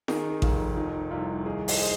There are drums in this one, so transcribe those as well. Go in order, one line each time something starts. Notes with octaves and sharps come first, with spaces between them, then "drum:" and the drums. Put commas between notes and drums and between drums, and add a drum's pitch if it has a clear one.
D#3 D#4 G#4, drum: snare
G#4
F1 F4, drum: kick A1
F3 D#4
C2 F4
D#2 D#4 G#4
D#5, drum: open hi-hat
D#3 G#4 C5